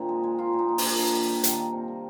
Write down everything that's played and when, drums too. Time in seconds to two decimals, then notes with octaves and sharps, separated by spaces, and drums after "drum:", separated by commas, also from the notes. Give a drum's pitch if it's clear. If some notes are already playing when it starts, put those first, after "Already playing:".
Already playing: A#2 D#3 A#3 C4 D4
0.09 G#3
0.23 G#3
0.39 A#3 F4
0.53 A#2
0.59 D#4
0.69 F3
0.78 A#2 D4, drum: open hi-hat
0.98 A#3 D4
1.13 D#3
1.28 G3
1.44 D#3, drum: hi-hat
1.58 A#3
1.73 C3
1.88 G3